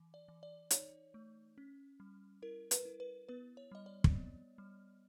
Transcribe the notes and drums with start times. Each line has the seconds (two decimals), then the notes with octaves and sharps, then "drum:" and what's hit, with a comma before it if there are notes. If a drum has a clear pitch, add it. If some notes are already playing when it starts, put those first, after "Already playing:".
Already playing: E3
0.14 D5
0.28 E3
0.43 D5
0.70 D#4 C#5, drum: hi-hat
1.14 A3
1.58 C#4
2.00 G3
2.42 E4 A#4
2.71 B4, drum: hi-hat
2.85 E4
3.00 B4
3.29 B3 B4
3.57 C#5
3.72 G3 D#5
3.86 D5
4.04 drum: kick
4.15 B3
4.58 G3